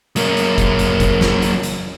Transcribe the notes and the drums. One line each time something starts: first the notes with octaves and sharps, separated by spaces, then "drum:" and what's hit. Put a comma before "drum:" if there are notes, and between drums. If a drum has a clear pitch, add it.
F#3 A#3, drum: hi-hat
drum: hi-hat
drum: kick, hi-hat
drum: hi-hat
drum: kick, hi-hat
drum: snare
drum: hi-hat
drum: hi-hat